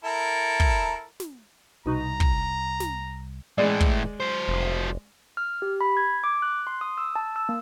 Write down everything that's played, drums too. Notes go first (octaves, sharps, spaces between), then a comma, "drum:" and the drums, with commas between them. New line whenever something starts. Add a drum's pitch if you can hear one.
E4 A4 A#4
drum: kick
drum: snare
C2 B2 D#4 F#4 A#5
drum: kick
drum: snare
A2 E3 G#3 D5
drum: kick
F#3 C5
F1
F6
G4
B5
G#6
D6
F#6
C6
D#6
E6
A5
E6
A#3